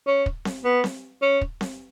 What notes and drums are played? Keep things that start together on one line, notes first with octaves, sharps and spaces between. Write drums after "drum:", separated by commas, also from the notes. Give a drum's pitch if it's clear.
C#4
drum: kick
drum: snare C4
B3
drum: snare C4
C#4
drum: kick
drum: snare C4